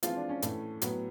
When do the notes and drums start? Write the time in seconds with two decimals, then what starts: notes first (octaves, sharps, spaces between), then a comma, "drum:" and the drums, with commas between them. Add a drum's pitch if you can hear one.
0.03 E3 F3 G#3 C4 F4, drum: hi-hat
0.16 D4
0.29 C#4
0.42 A2 E3 A3, drum: hi-hat
0.82 A2 F#3 B3, drum: hi-hat